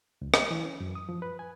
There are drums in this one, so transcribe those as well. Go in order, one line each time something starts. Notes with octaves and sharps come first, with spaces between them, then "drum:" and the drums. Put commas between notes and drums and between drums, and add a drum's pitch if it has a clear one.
C#2
C#5, drum: rim click
E3
C#4
F#2
D#6
F3
B4
G#5